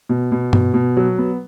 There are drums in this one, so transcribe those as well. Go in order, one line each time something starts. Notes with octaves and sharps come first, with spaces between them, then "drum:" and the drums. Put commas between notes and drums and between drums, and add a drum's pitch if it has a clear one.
B2
B2
B2, drum: tom G2
B2
F#3
B3